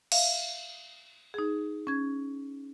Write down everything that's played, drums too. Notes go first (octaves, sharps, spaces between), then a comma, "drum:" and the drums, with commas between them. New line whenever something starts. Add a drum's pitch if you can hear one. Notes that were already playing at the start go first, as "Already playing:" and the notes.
E5 F5, drum: cymbal
D#4 G#4
C#4 G#6